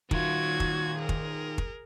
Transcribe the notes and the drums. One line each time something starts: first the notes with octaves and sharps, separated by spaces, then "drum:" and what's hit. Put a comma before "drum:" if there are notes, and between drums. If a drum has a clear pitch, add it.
D#3 F4 F#4 G#6, drum: kick
drum: kick
G#4 A#4
drum: kick
drum: kick